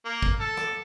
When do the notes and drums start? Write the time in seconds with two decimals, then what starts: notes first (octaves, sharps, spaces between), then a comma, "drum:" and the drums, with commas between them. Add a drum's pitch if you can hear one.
0.05 A#3
0.22 drum: kick
0.40 A4
0.57 drum: rim click